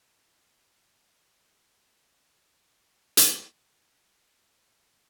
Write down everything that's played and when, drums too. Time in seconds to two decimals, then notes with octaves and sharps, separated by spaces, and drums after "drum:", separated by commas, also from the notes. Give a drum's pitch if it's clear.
0.09 E3
0.30 D4
0.43 G#6
0.61 D#4
0.81 F4
1.02 B3
1.20 D#4
1.42 C#5
1.60 A6
1.75 F4
2.17 D#5
2.78 F#5
3.17 drum: hi-hat
4.20 F2 E3 A#3 C#4 F4 A4 D5